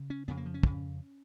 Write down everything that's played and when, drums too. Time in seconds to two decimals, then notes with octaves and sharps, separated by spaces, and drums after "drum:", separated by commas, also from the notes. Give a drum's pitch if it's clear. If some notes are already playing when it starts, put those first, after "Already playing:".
Already playing: C#3
0.10 C#4
0.28 F2 C#3 B3
0.37 A#3
0.46 F3
0.54 C#4
0.63 F2 C#3, drum: kick